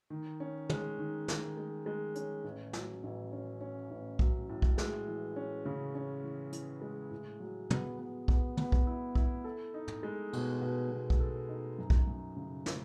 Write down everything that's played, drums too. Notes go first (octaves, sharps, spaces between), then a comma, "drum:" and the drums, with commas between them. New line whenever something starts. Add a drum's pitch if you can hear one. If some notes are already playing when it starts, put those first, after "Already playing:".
D#3
C#4
G#3, drum: tom
D#3
D#3, drum: snare
G#3
G#3
C#4, drum: hi-hat
A1
F#3, drum: snare
A1
C#4
C#4
A1
F#3, drum: kick B1
A2
drum: kick B1
G#3, drum: snare
E3
C#4
C#3
C#4
E3
E3, drum: hi-hat
G#3
A2
F#3
B3, drum: tom
B3
B3, drum: kick B1
B3, drum: tom
drum: kick B1
E4
E4, drum: kick B1
A4
D#4
drum: tom
G#3
B2, drum: cymbal
B2
B2
drum: kick B1
A4
D#4
F#2
drum: kick B1
F#2
C#3
C#3, drum: snare